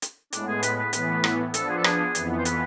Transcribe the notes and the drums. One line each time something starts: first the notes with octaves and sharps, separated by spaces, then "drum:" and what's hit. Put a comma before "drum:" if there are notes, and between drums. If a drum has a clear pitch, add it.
drum: hi-hat
A2 G#3 B3 D4, drum: hi-hat
G#4
B4, drum: hi-hat
B4
A2 E3 B3 B4, drum: hi-hat
drum: rim click
F3 B3 D4 A4, drum: hi-hat
G#4
A4
G#4, drum: rim click
F2 E3 B3, drum: hi-hat
C5
B4, drum: hi-hat